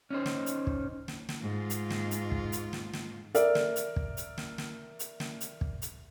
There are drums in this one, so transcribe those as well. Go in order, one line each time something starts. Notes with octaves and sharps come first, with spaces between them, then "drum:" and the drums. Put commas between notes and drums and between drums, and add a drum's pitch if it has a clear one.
C#4 D#4 C5
drum: snare
drum: hi-hat
drum: kick
drum: snare
drum: snare
G#2 F4
drum: hi-hat
drum: snare
drum: hi-hat
drum: kick
drum: hi-hat
drum: snare
drum: snare
A#4 D5 E5, drum: hi-hat
drum: snare
drum: hi-hat
drum: kick
drum: hi-hat
drum: snare
drum: snare
drum: hi-hat
drum: snare
drum: hi-hat
drum: kick
drum: hi-hat